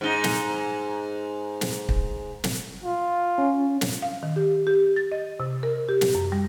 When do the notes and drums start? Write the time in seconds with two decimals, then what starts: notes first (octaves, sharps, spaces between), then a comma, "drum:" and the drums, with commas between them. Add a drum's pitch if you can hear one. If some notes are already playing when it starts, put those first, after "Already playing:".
0.01 G#2 D#4
0.24 drum: snare
1.61 drum: snare
1.89 drum: kick
2.44 drum: snare
2.84 F4
3.38 C#4
3.81 drum: snare
4.02 F5
4.23 D#3
4.36 G4
4.67 G4
4.96 A6
5.12 D#5
5.40 C3
5.63 A#4
5.89 G4
6.01 drum: snare
6.15 F#2
6.32 G3